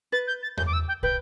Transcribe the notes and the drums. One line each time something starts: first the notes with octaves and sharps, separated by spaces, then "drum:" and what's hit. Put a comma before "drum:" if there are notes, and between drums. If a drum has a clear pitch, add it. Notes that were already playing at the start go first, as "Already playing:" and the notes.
B4 A6
G6
A6
G6, drum: tom E2
D6
E6
G5
B4 G5, drum: kick